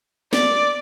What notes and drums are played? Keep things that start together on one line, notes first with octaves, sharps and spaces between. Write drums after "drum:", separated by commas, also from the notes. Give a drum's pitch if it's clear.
D5, drum: snare